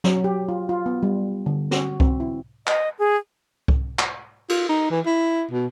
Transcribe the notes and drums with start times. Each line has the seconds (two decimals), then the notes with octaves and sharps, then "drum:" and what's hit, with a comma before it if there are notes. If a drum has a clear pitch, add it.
0.04 F#3, drum: snare
0.24 G4
0.49 F4
0.69 F4
0.86 B3
1.03 G3
1.46 D3
1.71 F#4, drum: snare
2.00 C4, drum: kick C2
2.20 E4
2.67 D#5, drum: clap
2.99 G#4
3.68 drum: kick C2
3.99 drum: clap
4.49 F4, drum: cymbal
4.69 D#4
4.91 E3
5.06 E4
5.51 B2